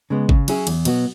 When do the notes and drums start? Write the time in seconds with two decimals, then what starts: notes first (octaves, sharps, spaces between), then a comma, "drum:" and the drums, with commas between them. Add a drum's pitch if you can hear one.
0.10 C#3 G#3 B3
0.29 C#3, drum: kick
0.48 F#3 C#4 E4 G#4, drum: cymbal
0.67 E2, drum: cymbal
0.85 B2 F#3 B3 F#4, drum: cymbal